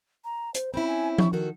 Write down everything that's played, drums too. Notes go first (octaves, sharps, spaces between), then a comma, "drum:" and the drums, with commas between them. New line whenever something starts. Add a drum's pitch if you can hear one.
A#5
C5, drum: hi-hat
C4 C#4 E4 B5
G#5
C#6, drum: tom F3
D#3 F#4 A4 A#4